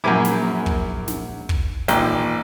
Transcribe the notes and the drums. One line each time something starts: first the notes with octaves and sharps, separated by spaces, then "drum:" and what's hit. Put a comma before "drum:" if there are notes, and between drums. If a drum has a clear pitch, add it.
A#1 F#2 A#3 E4 G#5 D6
drum: snare
drum: kick
drum: snare
drum: kick
A1 D#2 A#2 G5, drum: snare